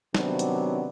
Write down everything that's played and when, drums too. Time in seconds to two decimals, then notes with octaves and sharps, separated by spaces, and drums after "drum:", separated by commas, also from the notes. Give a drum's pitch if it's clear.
0.15 C3 D#3 F#3 B3 C4 D4, drum: snare
0.39 drum: hi-hat